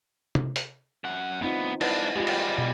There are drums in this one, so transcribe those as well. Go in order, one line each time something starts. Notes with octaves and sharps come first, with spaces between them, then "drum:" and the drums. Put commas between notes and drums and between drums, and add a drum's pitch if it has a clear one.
drum: tom
drum: hi-hat
F#2 F#5
D2 B3 C4 D#4 F4
G#2 D4 E4 B4 D#5, drum: cymbal
G3 G#3 F4 G4
drum: cymbal
B2